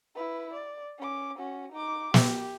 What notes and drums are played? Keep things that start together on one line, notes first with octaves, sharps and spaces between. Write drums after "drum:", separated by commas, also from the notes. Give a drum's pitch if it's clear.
E4 B4
D5
C#4 D6
C#4 F#4
D#4 D6
G4, drum: snare